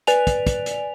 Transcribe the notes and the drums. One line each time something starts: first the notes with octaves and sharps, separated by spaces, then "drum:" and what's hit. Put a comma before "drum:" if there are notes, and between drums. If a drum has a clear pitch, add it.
B4 D5 G#5 F7, drum: hi-hat
drum: kick, hi-hat
drum: kick, hi-hat
drum: hi-hat